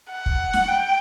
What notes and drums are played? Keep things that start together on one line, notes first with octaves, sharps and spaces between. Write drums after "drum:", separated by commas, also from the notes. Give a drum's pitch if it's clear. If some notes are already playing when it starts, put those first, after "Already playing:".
F#5
drum: kick
drum: snare
G5